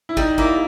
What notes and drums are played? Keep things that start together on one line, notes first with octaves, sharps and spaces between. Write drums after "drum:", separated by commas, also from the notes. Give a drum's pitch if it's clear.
E4
G3 D#4, drum: kick
A#3 E4, drum: kick